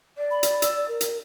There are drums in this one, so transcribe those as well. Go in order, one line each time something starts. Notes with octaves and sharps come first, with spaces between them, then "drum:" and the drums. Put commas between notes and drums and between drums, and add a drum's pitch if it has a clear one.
D5
B5
drum: hi-hat
E6, drum: hi-hat
A#4
drum: hi-hat